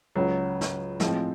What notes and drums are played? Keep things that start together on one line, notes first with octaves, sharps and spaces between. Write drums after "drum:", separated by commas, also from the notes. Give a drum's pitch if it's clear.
C#2 C#3 F#3
drum: snare
A2 F3 G#3 C4, drum: snare